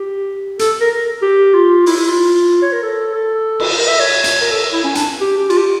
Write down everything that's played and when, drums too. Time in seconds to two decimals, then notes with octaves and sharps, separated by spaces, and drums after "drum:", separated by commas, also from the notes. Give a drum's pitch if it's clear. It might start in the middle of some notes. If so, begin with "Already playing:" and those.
Already playing: G4
0.59 A4, drum: hi-hat
0.81 A#4
1.22 G4
1.54 F4
1.86 E4, drum: open hi-hat
1.96 E4
2.08 F4
2.62 C#5
2.73 A#4
2.83 A4
3.15 A4
3.60 drum: cymbal
3.78 A#4
3.88 E5
4.00 C#5
4.24 drum: hi-hat
4.41 A#4
4.52 A4
4.73 E4
4.84 C#4
4.95 D4, drum: hi-hat
5.21 G4
5.37 G4
5.50 F4, drum: cymbal
5.58 G4